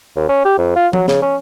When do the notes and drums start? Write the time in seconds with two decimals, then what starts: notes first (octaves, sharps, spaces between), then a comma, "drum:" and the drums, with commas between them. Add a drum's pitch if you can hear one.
0.16 D#2
0.29 C#4
0.45 G4
0.58 F2
0.76 F4
0.93 F#3, drum: tom F3
1.08 C#3, drum: snare
1.22 C#4